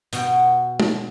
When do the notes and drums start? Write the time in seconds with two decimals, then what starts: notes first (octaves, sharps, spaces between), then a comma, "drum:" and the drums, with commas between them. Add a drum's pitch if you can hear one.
0.13 B2 F#4 G5, drum: hi-hat
0.80 drum: tom